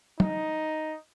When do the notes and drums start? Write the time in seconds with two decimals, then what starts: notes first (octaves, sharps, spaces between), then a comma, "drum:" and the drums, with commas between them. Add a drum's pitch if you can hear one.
0.20 D#4, drum: tom